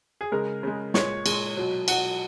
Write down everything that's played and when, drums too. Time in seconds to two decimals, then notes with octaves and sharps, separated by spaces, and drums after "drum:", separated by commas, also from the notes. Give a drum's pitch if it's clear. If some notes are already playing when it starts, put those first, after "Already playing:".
0.21 G#4
0.32 C#3 G#3 A#4
0.63 C#3 G#3
0.94 A#2 G#3 C#5, drum: snare
1.26 A#2 G#3, drum: cymbal
1.57 B2 F#3
1.88 B2 F#3 F#5, drum: cymbal